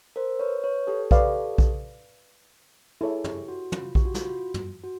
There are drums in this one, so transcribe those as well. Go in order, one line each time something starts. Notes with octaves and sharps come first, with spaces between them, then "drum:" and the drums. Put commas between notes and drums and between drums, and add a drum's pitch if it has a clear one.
A#4 C5
B4 C#5
B4 C#5
G4 A4
G4 A4 B4 D5 F5, drum: kick A#1
drum: kick A#1
E4 G#4 A4 C#5 E5
G4, drum: tom
F#4
F4, drum: tom
G4, drum: kick A#1
F#4
F4, drum: snare
F#4
drum: tom
F#4